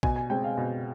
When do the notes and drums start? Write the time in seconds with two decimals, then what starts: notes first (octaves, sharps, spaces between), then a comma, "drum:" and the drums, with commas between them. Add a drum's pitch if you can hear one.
0.03 B2 G#5, drum: kick
0.16 G#5
0.30 G#3 C4 G5
0.44 F5
0.57 B2